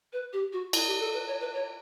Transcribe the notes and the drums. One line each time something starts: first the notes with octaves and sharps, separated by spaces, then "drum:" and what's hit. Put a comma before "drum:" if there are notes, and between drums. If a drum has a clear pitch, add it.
B4
G4
F#4
E4, drum: cymbal
G4
A4
B4
C#5
B4
C#5